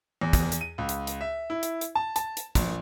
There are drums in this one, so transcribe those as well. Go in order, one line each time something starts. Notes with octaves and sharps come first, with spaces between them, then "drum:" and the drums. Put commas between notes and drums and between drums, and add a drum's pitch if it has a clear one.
E2
drum: kick, hi-hat
drum: hi-hat
D#7
C#2
drum: hi-hat
drum: hi-hat
E5
E4
drum: hi-hat
drum: hi-hat
A5
A5, drum: hi-hat
drum: hi-hat
A#1, drum: kick, hi-hat